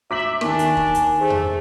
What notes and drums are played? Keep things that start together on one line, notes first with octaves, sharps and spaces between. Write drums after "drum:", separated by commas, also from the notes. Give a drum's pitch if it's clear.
F#4 C#5 E5 A#5 D6 B6 F#7
D#2 D#3 A#3 D4 G#5 C#6, drum: rim click
drum: hi-hat
drum: kick
drum: hi-hat
A3 G#4 A4 C5
drum: tom E2